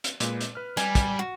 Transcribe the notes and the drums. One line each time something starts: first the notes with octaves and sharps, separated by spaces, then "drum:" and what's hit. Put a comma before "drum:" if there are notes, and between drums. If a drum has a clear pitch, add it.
drum: hi-hat
A#2 G#3 B4, drum: hi-hat
drum: hi-hat
B4 F6
G3 G#5, drum: hi-hat
drum: kick, hi-hat
F#4